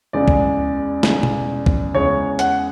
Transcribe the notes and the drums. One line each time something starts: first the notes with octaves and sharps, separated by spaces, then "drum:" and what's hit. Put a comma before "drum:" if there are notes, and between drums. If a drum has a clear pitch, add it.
E2 C#3 G#3 D5
drum: kick
E2 C#3 G#3, drum: snare
drum: tom B2
drum: kick
E2 C#3 G#3 C#5
F#5, drum: hi-hat